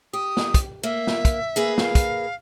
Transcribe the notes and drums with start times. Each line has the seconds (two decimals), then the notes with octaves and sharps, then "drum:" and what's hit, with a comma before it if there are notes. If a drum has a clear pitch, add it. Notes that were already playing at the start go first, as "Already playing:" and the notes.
0.13 G4 D#6
0.37 drum: snare
0.54 drum: kick, hi-hat
0.83 A#3 E5
1.07 drum: snare
1.25 drum: kick, hi-hat
1.56 A#3 G#4 B4
1.78 F5, drum: snare
1.95 drum: kick, hi-hat